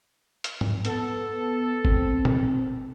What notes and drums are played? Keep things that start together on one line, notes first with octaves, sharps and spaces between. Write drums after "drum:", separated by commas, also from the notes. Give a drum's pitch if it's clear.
drum: hi-hat
drum: tom G#2
B3 A4, drum: hi-hat
C4, drum: kick G1
drum: tom A#2